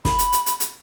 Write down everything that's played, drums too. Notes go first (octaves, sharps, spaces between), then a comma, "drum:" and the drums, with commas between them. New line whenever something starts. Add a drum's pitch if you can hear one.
B5, drum: snare
drum: hi-hat
drum: hi-hat
drum: hi-hat
drum: hi-hat